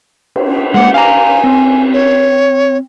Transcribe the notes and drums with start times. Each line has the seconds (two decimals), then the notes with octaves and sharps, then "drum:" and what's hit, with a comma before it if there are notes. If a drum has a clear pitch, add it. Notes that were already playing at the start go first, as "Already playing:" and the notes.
0.36 drum: cymbal
0.74 G#3 A#3 F#5
0.94 F5 G#5 A#5
1.44 C4
1.93 C#5